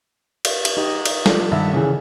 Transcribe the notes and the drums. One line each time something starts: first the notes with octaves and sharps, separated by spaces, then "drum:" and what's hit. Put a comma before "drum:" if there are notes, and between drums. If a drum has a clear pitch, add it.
drum: cymbal
drum: cymbal
D#4 G4 D#5
drum: cymbal
F3 A4 D5, drum: snare
G2 D#3 E5 F#5
C#3 E3